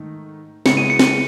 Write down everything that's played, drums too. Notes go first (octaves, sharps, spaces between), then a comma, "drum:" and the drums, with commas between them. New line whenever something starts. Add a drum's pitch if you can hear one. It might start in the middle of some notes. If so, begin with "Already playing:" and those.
Already playing: G#2 D#3 A3 D#4
C#3 G#3 B3 E4 C#7, drum: snare
D#7
C#7
drum: snare